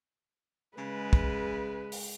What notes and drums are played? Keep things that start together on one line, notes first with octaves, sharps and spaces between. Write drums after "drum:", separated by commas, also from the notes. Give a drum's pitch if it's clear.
C#3 G#3 B4
drum: kick
drum: open hi-hat